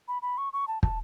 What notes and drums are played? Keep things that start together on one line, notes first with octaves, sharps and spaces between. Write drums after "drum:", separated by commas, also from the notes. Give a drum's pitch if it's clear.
B5
B5
C#6
C#6
A5
A5, drum: kick